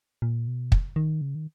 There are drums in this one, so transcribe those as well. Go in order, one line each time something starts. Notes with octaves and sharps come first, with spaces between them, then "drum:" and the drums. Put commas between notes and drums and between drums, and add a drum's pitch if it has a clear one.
A#2
B2
drum: kick
D#3
C#3
D#3